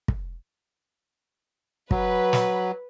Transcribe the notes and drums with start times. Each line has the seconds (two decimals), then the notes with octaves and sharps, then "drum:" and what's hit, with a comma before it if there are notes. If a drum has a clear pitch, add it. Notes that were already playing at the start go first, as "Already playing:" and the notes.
0.08 drum: kick
1.91 F#3 B4, drum: kick
2.33 drum: snare